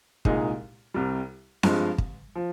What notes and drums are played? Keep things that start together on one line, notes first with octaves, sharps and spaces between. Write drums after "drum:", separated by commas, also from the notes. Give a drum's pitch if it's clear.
C2 A#2 G#3 D#4 G#4, drum: kick
C2 C3 G3
G2 F3 G#3, drum: snare C4
drum: kick
F3